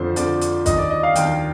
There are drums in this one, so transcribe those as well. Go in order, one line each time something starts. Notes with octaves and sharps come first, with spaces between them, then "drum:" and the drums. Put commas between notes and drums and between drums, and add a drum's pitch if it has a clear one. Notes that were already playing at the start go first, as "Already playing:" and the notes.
Already playing: F2 D3 F3 C5
F2 D3 F3 D5, drum: hi-hat
drum: hi-hat
D#2 D#3 D#5, drum: kick, hi-hat
D5
D#5
F5
D#2 D#3 G5, drum: hi-hat